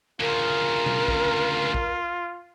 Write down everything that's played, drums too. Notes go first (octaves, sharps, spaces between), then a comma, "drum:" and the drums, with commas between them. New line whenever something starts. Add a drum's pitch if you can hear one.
D2 C#3 F4 A#4
drum: tom B2
drum: kick A#1
drum: kick A#1